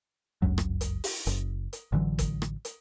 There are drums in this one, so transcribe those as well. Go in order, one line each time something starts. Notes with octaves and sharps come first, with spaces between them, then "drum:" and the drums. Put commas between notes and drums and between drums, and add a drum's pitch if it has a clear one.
G1 C#2 F#2 F#3
drum: rim click
drum: hi-hat
drum: open hi-hat
F#1, drum: hi-hat
drum: hi-hat
A1 D3 E3 F#3
drum: kick, hi-hat
drum: rim click
drum: hi-hat